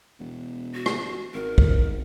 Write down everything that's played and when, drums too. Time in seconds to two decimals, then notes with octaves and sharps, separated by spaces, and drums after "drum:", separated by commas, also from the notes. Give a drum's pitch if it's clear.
0.19 E1
0.75 F#4
0.86 drum: rim click
1.34 G#1 A#4
1.58 drum: kick